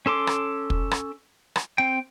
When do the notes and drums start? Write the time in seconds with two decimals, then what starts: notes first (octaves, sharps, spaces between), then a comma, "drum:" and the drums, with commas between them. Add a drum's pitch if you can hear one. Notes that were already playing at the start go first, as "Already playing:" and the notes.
0.06 C#4 A4 C6 D6
0.27 drum: rim click
0.70 drum: kick
0.91 drum: rim click
1.56 drum: rim click
1.78 C4 G5